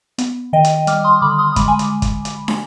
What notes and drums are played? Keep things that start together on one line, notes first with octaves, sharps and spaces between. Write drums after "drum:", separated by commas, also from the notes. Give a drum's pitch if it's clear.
B3, drum: hi-hat
D#3 D#5 G5
drum: hi-hat
G3 D6 F6, drum: hi-hat
C6 D#6
D3 B5 D6
C6 D#6
D#6
G#3 B5 D6, drum: kick, hi-hat
G#5
drum: hi-hat
drum: kick, hi-hat
drum: hi-hat
drum: snare